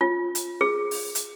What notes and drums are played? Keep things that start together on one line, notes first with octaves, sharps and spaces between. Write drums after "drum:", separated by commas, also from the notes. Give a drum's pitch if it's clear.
F4
drum: hi-hat
G#4
drum: open hi-hat
drum: hi-hat